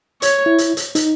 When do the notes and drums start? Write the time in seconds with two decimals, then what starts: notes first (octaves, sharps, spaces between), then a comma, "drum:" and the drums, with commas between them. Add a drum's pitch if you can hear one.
0.22 C#5, drum: hi-hat
0.46 E4
0.58 drum: hi-hat
0.77 drum: hi-hat
0.95 D#4, drum: hi-hat